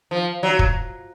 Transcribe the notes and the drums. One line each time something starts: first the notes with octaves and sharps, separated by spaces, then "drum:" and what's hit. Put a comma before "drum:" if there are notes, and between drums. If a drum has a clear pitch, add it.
F3
F#3
drum: kick